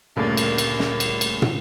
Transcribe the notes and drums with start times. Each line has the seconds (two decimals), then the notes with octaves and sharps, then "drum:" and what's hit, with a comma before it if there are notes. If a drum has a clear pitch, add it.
0.16 D2 G2 A#2 C#3 A3 A#3 A6
0.37 drum: cymbal
0.58 drum: cymbal
0.79 drum: snare
1.00 drum: cymbal
1.21 drum: cymbal
1.42 drum: tom